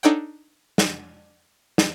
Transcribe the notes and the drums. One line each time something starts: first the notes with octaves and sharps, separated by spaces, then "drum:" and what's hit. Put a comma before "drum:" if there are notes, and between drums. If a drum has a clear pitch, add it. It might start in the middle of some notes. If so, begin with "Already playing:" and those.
D4 D#4 A4 C#5 F#5 G5
drum: snare
drum: snare